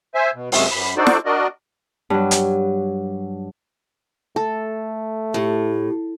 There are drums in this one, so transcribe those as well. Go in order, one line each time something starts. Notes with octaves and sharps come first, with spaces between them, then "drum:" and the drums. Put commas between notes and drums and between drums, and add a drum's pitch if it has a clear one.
C5 E5 G#5
B2
F#2 C3 G#3 A3, drum: open hi-hat
F#2 B5
D4 D#4 F#4 A4 C5 D5
drum: snare
D4 F#4 A#4 D5 D#5
G2 F#3
drum: hi-hat
A3 A4
A2 G4